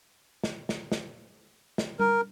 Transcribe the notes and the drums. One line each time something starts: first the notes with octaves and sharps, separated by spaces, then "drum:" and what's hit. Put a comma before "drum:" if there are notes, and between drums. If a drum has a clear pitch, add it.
drum: snare
drum: snare
drum: snare
drum: snare
A#4, drum: tom G3